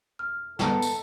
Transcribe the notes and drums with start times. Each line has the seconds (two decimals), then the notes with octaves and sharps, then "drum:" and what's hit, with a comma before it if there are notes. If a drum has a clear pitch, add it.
0.19 F6
0.59 D#3 B3 A4, drum: snare
0.82 drum: tambourine